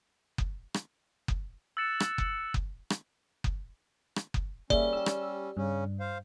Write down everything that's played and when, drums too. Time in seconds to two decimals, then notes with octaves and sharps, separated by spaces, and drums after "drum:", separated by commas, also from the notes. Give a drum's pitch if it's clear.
0.38 drum: kick F#1
0.74 drum: rim click
1.28 drum: kick F#1
1.77 E6 F#6 A6 C#7 E7
2.00 drum: rim click
2.18 drum: kick F#1
2.54 drum: kick F#1
2.90 drum: rim click
3.44 drum: kick F#1
4.16 drum: rim click
4.34 drum: kick F#1
4.70 G3 A#3 C#4 G#4 D5 E5, drum: kick F#1
4.93 G4 E6
5.06 drum: rim click
5.57 G2 C#3 C#4
6.00 C5 F5